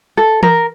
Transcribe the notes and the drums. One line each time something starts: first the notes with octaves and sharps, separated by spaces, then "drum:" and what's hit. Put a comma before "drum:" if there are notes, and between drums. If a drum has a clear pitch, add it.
A4
A#4, drum: tom E3